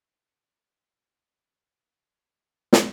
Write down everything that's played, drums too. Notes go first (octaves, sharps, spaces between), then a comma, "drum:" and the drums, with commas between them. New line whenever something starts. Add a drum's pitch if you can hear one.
D4 B4 C5 F#5
drum: snare